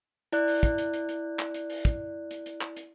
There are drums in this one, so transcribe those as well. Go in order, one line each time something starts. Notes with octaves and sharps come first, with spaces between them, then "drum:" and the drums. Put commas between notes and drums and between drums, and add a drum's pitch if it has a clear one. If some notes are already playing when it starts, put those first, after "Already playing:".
E4 D5 F#6, drum: hi-hat
drum: open hi-hat
drum: kick, hi-hat
drum: hi-hat
drum: hi-hat
drum: hi-hat
drum: clap
drum: hi-hat
drum: open hi-hat
drum: kick, hi-hat
drum: hi-hat
drum: hi-hat
drum: clap
drum: hi-hat